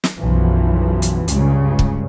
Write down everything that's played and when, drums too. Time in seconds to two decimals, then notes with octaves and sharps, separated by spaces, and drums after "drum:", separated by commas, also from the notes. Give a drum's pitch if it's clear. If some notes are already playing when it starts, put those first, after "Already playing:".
0.04 drum: snare
0.18 B1 F#2 E3 F3
1.02 drum: hi-hat
1.28 C#2 G2 C#3, drum: hi-hat
1.79 drum: kick